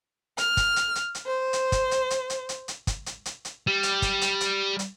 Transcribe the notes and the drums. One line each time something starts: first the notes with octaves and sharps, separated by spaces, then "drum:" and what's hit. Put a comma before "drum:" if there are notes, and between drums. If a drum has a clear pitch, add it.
F6, drum: hi-hat
drum: kick, hi-hat
drum: hi-hat
drum: hi-hat
drum: hi-hat
C5
drum: hi-hat
drum: kick, hi-hat
drum: hi-hat
drum: hi-hat
drum: hi-hat
drum: hi-hat
drum: hi-hat
drum: kick, hi-hat
drum: hi-hat
drum: hi-hat
drum: hi-hat
G3
drum: hi-hat
drum: kick, hi-hat
drum: hi-hat
drum: hi-hat
drum: hi-hat